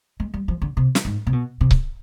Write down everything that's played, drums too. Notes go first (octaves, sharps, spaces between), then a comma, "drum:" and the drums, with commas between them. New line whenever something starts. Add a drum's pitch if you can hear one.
G#3
G3
F3
D3
C3
drum: snare
G#2
C3
B2
C3
drum: kick C#1